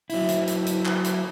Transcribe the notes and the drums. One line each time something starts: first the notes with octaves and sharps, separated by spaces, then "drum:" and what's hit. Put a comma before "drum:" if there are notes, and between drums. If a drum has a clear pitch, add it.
F#3 E4, drum: open hi-hat
drum: hi-hat
drum: hi-hat
drum: hi-hat
drum: clap
drum: hi-hat